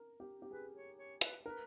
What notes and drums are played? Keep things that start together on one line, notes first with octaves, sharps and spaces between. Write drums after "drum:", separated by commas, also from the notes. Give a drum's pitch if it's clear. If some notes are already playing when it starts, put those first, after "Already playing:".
Already playing: A#4
G4
G4
G#4 B4
C#5
C#5
B4, drum: hi-hat
A#4 B4